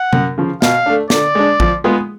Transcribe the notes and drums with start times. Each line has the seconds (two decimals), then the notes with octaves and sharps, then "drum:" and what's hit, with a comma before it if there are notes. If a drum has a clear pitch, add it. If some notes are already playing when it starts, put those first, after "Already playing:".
Already playing: F#5
0.13 F#2, drum: tom C3
0.38 C#3 F3
0.62 B2 F5, drum: snare
0.86 A3 D4
1.10 D3 D5, drum: snare
1.35 G#3 D4
1.60 F3, drum: kick A1
1.84 G#3 B3 F4 G#4